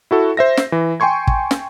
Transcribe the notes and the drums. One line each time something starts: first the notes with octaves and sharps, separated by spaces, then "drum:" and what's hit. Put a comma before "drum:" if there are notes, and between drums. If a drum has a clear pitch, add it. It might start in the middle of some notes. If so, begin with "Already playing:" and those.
E4 F#4 A4
C5 E5 A#6
drum: snare
E3
G5 G#5 C6 C#6 G#6
drum: kick
drum: snare